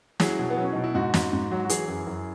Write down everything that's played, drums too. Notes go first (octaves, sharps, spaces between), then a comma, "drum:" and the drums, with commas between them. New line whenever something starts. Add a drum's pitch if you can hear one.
F#3 E4 G#4, drum: snare
B2
B3
F#3 C#4
B2 D#4
E4
G#2 D#4 F#4
G#2, drum: snare
G#2
F#3
F#4
E3 E4 G#4, drum: hi-hat
F#2
F#2